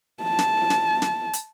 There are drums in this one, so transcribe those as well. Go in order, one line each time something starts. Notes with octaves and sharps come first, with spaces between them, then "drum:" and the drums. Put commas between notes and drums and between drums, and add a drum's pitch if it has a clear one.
A5
drum: snare
drum: snare
drum: snare
drum: hi-hat